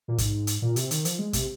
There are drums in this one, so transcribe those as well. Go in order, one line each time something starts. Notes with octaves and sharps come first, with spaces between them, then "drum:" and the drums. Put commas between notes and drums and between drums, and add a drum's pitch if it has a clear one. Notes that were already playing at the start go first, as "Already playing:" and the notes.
A#2
G#2, drum: kick, hi-hat
drum: hi-hat
A#2
C3, drum: hi-hat
D#3, drum: hi-hat
F3, drum: hi-hat
G#3
C3, drum: kick, hi-hat